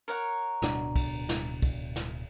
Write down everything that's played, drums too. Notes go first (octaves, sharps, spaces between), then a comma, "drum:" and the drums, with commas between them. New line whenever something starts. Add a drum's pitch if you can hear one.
A#4 C#5 F#5
D1 B2 D4, drum: snare
drum: kick, cymbal
drum: snare
drum: kick, cymbal
drum: snare